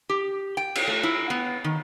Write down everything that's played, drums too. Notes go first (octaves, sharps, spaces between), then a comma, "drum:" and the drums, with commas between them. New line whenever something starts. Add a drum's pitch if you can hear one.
G4
G5
drum: cymbal
A3
E4
B3
D#3